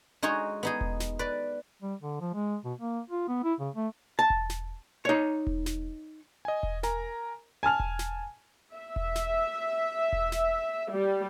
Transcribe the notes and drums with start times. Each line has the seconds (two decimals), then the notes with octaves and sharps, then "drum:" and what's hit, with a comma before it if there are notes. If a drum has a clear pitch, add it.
0.22 G#3 D#4 F#4 G#4 C#5
0.63 B3 D#4 G#4
0.81 drum: kick E1
1.00 drum: snare
1.19 B4 D5
1.82 G3
2.02 D3
2.21 F3
2.34 G#3
2.65 B2
2.79 A#3
3.10 F4
3.28 B3
3.44 E4
3.60 C#3
3.75 A3
4.19 A5
4.30 drum: kick E1
4.50 drum: snare
5.05 D#4 C#5
5.47 drum: kick E1
5.66 drum: snare
6.45 D#5 G#5
6.63 drum: kick E1
6.83 A#4 G#5 A#5, drum: snare
7.63 G#5 A5 F6 F7
7.80 drum: kick E1
7.99 drum: snare
8.75 E5
8.96 drum: kick E1
9.15 drum: snare
10.13 drum: kick E1
10.32 drum: snare
10.91 G3